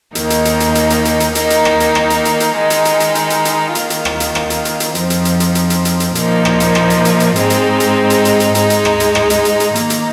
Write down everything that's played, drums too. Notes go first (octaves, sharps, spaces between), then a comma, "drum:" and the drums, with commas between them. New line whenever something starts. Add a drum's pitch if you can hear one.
D#2 D#3 A#3 D#4, drum: hi-hat
drum: hi-hat
drum: hi-hat
drum: hi-hat
drum: hi-hat
drum: hi-hat
drum: hi-hat
drum: hi-hat
D#3 A#3 D#4, drum: hi-hat
drum: hi-hat
drum: rim click
drum: hi-hat
drum: rim click
drum: hi-hat
drum: hi-hat
drum: hi-hat
D#3 G#3 D#4
drum: hi-hat
drum: hi-hat
drum: hi-hat
drum: hi-hat
drum: hi-hat
drum: hi-hat
D#3 A#3 F4, drum: hi-hat
drum: hi-hat
drum: rim click
drum: hi-hat
drum: rim click
drum: hi-hat
drum: hi-hat
drum: hi-hat
F2 F3 C4 D#4, drum: hi-hat
drum: hi-hat
drum: hi-hat
drum: hi-hat
drum: hi-hat
drum: hi-hat
drum: hi-hat
drum: hi-hat
A#2 F3 A#3 D#4, drum: hi-hat
drum: rim click
drum: hi-hat
drum: rim click
drum: hi-hat
drum: hi-hat
drum: hi-hat
G#2 G#3 C4 D#4, drum: hi-hat
drum: hi-hat
drum: hi-hat
drum: hi-hat
drum: hi-hat
drum: hi-hat
G#2 G#3 D#4, drum: hi-hat
drum: hi-hat
drum: rim click
drum: hi-hat
drum: rim click
drum: hi-hat
drum: hi-hat
drum: hi-hat
D#3 A#3 D#4, drum: hi-hat
drum: hi-hat